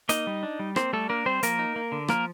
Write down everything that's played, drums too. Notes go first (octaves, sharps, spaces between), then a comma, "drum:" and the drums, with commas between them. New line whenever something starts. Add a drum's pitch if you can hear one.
A#3 D#4 D#5, drum: hi-hat
G3
D4
G3
A#3 C4 C5, drum: rim click
G3 A3 A4
A#3 D4 A#4
G3 C4 C5
F3 A#3 A#4, drum: hi-hat
D#4
A#3
D3
F3 A#3 A#4, drum: rim click